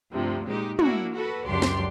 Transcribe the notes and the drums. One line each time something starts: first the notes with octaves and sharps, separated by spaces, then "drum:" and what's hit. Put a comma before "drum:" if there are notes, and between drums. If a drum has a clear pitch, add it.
D2 G2 C3 F3
A#2 G#3 D#4 G4
A#3 D4 E4 F#4, drum: tom
F#4 A4 B4
C#2 F#2 D4 G4 D5 C6
drum: snare